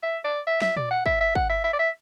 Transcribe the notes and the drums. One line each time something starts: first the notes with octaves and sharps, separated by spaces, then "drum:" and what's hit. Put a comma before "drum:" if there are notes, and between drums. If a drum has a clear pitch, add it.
E5
D5
E5
E5, drum: snare
D5, drum: tom A#2
F#5
E5, drum: kick
E5
F#5, drum: kick
E5
E5
D5
E5